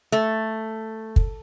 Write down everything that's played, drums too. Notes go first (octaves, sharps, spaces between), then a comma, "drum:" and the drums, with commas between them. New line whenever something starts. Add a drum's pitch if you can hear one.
A3
drum: kick